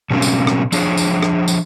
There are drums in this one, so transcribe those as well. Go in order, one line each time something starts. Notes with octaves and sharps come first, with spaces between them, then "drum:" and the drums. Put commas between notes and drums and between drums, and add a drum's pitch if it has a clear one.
B2 F#3 G3 A#3 C4 C#4
drum: tambourine
drum: rim click
F3 D4 G#4 C#5, drum: tambourine
drum: tambourine
drum: rim click
drum: tambourine